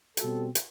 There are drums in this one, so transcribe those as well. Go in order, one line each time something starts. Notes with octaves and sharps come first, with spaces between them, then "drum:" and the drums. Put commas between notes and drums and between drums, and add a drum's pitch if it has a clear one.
B2 G3 C4 F#4 A4, drum: hi-hat
drum: hi-hat